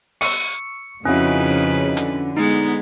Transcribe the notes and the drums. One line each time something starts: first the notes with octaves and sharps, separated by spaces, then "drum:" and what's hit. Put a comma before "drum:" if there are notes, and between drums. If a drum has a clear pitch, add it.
C#6 E6 C#7, drum: open hi-hat
F2 C#3 C4 C#4 D#4 E4 F#4 B4
D3, drum: hi-hat
G#3 B3 D#4